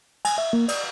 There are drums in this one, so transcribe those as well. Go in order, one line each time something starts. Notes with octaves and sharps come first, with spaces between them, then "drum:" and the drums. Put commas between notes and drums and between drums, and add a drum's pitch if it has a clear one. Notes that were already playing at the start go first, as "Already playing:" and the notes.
G#5, drum: cymbal
E5
A#3
D5, drum: cymbal